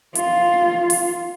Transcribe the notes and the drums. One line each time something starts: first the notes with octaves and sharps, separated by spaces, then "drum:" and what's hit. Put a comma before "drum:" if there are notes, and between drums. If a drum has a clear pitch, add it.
F4, drum: hi-hat
drum: open hi-hat